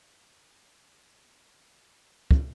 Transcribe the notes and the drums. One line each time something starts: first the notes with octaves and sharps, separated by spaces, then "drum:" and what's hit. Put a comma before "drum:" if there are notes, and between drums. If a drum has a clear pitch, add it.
C3 G3 G#3 D#4
drum: kick